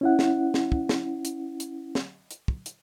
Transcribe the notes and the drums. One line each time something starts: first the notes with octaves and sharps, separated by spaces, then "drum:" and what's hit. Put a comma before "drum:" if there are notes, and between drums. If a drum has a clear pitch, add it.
C#4 E4 F#5
drum: snare
drum: snare
drum: kick
drum: snare
drum: hi-hat
drum: hi-hat
drum: snare
drum: hi-hat
drum: kick
drum: hi-hat